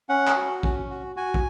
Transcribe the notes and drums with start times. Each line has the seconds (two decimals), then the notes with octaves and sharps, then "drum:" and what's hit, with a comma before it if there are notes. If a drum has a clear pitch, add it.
0.09 C#4 F#5
0.27 drum: clap
0.36 F#4
0.63 C#4, drum: kick
0.90 F#4
1.16 F#4 G#5
1.34 drum: kick